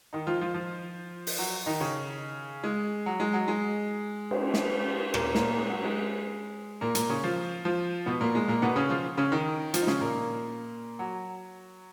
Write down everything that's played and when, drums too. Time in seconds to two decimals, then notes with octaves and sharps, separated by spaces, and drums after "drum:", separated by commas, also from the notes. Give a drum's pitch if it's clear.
0.13 D#3 D#4
0.27 F3 F4
0.41 F3 F4
0.54 F3 F4
1.27 drum: open hi-hat
1.39 F#3 F#4
1.66 D#3 D#4
1.80 C#3 C#4
2.64 G#3
3.06 F#3
3.20 G#3
3.33 F#3
3.48 G#3
4.31 drum: cymbal
4.54 drum: snare
5.14 A#2 A#3, drum: rim click
5.35 A#2 A#3, drum: snare
5.57 G#3
5.70 F#3
5.83 G#3
6.81 A#2 A#3
6.95 A#2 A#3, drum: hi-hat
7.10 C#3 C#4
7.23 F3 F4
7.65 F3 F4
8.06 B2 B3
8.21 A#2 A#3
8.35 G#3
8.48 A#2 A#3
8.62 B2 B3
8.76 C#3 C#4
8.90 F3 F4
9.18 C#3 C#4
9.32 D#3 D#4
9.74 F3 F4, drum: hi-hat
9.82 D#4
9.87 C#3 C#4, drum: snare
10.01 A#2 A#3
10.99 F#3